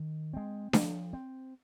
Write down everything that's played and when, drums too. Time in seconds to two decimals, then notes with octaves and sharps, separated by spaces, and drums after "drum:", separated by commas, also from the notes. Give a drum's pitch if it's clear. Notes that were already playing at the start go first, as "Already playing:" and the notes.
Already playing: D#3
0.34 G#3 C4
0.73 F3, drum: snare D4
1.13 C4